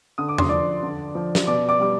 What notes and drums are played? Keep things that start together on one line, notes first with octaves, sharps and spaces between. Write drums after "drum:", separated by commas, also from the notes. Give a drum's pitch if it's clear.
D3 D#6
D6
C6, drum: tom
F3 D5 D6
D3
F3
drum: snare
B2 D5 D6
D5 D6
G3 D6